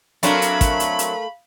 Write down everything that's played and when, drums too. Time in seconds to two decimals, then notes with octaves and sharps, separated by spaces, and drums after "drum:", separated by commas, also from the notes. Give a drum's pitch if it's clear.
0.23 F#3 A3 C4 D4 A#4 F5 B5, drum: hi-hat
0.42 drum: hi-hat
0.61 drum: kick, hi-hat
0.80 drum: hi-hat
0.99 drum: hi-hat